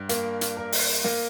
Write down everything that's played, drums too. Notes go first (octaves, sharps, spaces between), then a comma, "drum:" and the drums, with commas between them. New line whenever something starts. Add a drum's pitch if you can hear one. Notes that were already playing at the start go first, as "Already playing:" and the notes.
Already playing: G2
A#3, drum: hi-hat
drum: hi-hat
A#4
drum: open hi-hat
A#3, drum: snare